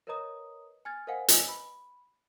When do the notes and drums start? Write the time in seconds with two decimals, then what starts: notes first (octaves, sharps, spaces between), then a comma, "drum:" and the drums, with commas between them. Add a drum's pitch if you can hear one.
0.07 A#4 B4 C#5 D#5 A#5 D#6
0.85 G#5 F6 G#6 A6
1.07 A#4 C5 D#5 F5 F#5 G#5
1.28 B4 D#5 G#5 E6, drum: hi-hat
1.48 B5